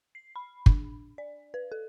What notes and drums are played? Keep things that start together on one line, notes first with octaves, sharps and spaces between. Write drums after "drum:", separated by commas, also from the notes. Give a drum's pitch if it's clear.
C7
B5
D4, drum: kick
D5
B4
A4